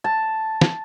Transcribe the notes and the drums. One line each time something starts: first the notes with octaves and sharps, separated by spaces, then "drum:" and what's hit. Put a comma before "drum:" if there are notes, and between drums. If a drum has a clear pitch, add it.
A5
drum: snare